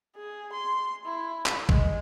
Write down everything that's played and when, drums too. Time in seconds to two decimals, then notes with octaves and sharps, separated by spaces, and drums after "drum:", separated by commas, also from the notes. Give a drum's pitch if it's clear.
0.16 G#4
0.52 C6
1.05 E4
1.46 drum: clap
1.69 G#3, drum: kick